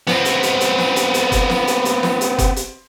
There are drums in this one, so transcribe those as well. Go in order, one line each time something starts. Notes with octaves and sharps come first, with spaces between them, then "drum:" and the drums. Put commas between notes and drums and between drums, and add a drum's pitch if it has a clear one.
B3 C4, drum: snare
drum: hi-hat
drum: hi-hat
drum: hi-hat
drum: snare
drum: hi-hat
drum: hi-hat
drum: kick F#1, hi-hat
drum: snare
drum: hi-hat
drum: hi-hat
drum: snare
drum: hi-hat
drum: kick F#1, hi-hat
drum: hi-hat